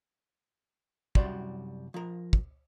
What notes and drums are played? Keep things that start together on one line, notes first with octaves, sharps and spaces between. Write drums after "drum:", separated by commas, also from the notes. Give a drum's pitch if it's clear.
C2 F#2 G3 F#4 D5 C6, drum: kick
F3 A#4
drum: kick